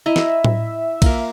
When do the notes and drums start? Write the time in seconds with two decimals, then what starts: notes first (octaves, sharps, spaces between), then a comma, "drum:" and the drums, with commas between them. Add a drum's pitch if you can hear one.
0.06 E4 D#5 E5 A#5
0.16 drum: snare
0.45 drum: tom A2
1.02 A#3 F4 A#4, drum: kick, cymbal